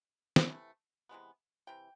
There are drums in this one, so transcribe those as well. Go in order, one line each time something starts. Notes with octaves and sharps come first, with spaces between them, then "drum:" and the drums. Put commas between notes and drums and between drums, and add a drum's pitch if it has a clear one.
drum: snare
C3 E3 A3
C3 E3 G#3 B3
C3 E3 G5